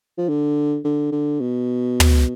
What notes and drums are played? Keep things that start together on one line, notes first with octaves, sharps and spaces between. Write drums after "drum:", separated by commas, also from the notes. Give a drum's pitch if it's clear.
F3
D3
D3
D3
B2
drum: tom